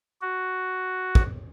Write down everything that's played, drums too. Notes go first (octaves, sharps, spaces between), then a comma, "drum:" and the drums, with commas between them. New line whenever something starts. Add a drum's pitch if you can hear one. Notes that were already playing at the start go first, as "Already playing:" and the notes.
F#4
drum: kick